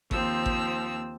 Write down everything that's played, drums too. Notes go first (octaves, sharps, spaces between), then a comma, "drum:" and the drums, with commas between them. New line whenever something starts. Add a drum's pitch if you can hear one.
D#2 F3 C4 E6, drum: kick G#1
drum: kick G#1